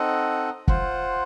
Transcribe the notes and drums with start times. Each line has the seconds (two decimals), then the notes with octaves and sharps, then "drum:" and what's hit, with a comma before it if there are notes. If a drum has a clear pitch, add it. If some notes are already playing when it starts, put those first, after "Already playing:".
Already playing: C4 D#4 A4 D#5 F#5
0.68 F4 C5 F#5, drum: kick